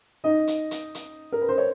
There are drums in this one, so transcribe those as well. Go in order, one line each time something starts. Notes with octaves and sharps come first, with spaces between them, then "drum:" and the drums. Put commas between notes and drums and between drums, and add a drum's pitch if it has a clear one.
D#4 D#5
drum: hi-hat
drum: hi-hat
drum: hi-hat
A#4
B4
C5
C#5